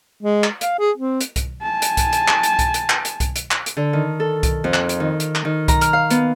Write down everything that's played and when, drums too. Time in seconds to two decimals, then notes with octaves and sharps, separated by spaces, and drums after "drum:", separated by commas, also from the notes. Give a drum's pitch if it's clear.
0.23 G#3
0.44 drum: clap
0.61 F5, drum: hi-hat
0.79 G#4
0.97 C4
1.21 drum: hi-hat
1.36 drum: kick C2, hi-hat
1.62 G#5 A5
1.82 drum: hi-hat
1.97 drum: kick C2, hi-hat
2.13 drum: hi-hat
2.28 drum: clap
2.43 drum: hi-hat
2.59 drum: kick C2, hi-hat
2.74 drum: hi-hat
2.90 drum: clap
3.05 drum: hi-hat
3.20 drum: kick C2, hi-hat
3.36 drum: hi-hat
3.51 drum: clap
3.66 drum: hi-hat
3.77 D3
3.93 D#3
4.20 A4
4.43 drum: kick C2, hi-hat
4.64 F2
4.74 drum: clap
4.89 drum: hi-hat
5.00 D#3
5.20 drum: hi-hat
5.35 drum: clap
5.45 D#3
5.68 A#5, drum: kick C2, hi-hat
5.81 F6, drum: hi-hat
5.93 F5
6.10 B3, drum: hi-hat